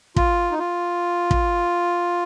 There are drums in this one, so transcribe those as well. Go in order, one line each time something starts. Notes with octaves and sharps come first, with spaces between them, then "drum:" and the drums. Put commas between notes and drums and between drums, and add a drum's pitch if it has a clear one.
F4, drum: kick
D#4
F4
drum: kick